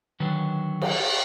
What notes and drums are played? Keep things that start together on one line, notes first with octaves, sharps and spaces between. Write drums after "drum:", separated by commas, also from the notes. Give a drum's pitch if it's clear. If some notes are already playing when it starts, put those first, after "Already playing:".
D3 D#3 F#3 B4
drum: cymbal